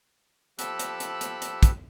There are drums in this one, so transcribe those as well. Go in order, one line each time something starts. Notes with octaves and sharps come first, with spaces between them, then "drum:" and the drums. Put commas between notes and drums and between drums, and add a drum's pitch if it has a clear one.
F3 G4 A4 B5 E6 F#6, drum: hi-hat
drum: hi-hat
drum: hi-hat
drum: hi-hat
drum: hi-hat
drum: kick, hi-hat